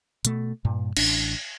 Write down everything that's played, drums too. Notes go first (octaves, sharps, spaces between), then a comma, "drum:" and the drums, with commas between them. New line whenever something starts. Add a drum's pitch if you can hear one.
B2 A3, drum: hi-hat
G2 A#2
A1 D4, drum: cymbal